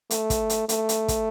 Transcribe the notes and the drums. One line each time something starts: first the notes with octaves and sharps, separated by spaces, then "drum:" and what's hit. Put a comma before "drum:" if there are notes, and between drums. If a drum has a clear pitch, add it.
A3, drum: hi-hat
drum: kick, hi-hat
drum: hi-hat
A3, drum: hi-hat
drum: hi-hat
drum: kick, hi-hat